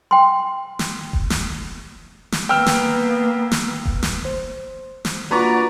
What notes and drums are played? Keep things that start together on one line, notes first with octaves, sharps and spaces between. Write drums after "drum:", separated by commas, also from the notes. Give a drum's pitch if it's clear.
G5 C6
drum: snare
drum: kick E1
drum: snare
drum: snare
A#3 B3 G5 E6 F6
drum: snare
drum: snare
drum: kick E1
drum: snare
C5
drum: snare
A#3 D4 F4 F#4 B4 D5 A#5 C#6